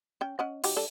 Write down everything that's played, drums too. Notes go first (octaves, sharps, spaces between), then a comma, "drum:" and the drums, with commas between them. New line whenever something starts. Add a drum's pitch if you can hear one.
C#4 G5
C#4 D#5 F#5
F#3 D#4 G4, drum: open hi-hat
G3 D4 A4